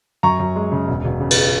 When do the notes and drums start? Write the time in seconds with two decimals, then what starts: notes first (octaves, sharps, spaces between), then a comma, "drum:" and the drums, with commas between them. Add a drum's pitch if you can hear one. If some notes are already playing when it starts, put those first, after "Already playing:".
0.23 F#2 A#5 C#6
0.40 F#2
0.56 G#3
0.72 C#3
0.88 E1
1.04 E1
1.21 C#3
1.31 drum: cymbal